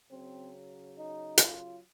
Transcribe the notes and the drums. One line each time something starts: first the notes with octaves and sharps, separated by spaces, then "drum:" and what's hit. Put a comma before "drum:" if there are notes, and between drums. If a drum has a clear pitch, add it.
C#3 F#3 C4
D#4
F4, drum: hi-hat